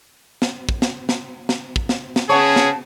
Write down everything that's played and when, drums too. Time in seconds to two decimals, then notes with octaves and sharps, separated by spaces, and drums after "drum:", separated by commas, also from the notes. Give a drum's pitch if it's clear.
0.42 drum: snare
0.69 drum: kick
0.82 drum: snare
1.09 drum: snare
1.49 drum: snare
1.76 drum: kick
1.89 drum: snare
2.16 drum: snare
2.29 C#3 B3 G#4 C#5 A5
2.56 drum: snare